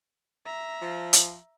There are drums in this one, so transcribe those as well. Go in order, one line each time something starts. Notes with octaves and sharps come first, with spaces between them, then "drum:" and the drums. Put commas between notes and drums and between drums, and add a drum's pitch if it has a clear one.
E5 A#5
F3
drum: hi-hat